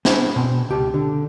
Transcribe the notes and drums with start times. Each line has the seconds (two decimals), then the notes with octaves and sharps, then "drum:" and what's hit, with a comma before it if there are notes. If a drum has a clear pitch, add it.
0.05 B3 D4 E4 G#4 C5, drum: snare
0.36 B2 C4
0.69 C#2 G4 A5
0.94 D3